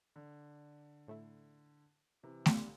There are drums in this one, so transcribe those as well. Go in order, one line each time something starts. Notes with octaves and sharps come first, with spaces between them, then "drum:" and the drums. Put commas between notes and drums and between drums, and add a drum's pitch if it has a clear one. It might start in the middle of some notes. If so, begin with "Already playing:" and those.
D3
A2 A3 E4
C3 E3
D3 G3, drum: snare A3